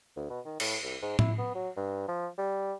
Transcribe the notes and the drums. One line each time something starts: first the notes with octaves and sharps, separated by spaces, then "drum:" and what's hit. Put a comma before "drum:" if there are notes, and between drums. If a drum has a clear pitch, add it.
D2
B2
D#3
A2, drum: cymbal
C2
G#2
E4, drum: tom A2
B3
F#3
G2
F3
G3